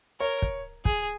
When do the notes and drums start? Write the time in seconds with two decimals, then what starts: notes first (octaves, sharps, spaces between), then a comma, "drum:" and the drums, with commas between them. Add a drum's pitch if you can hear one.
0.20 A#4 C#5
0.42 drum: kick
0.85 G#4, drum: kick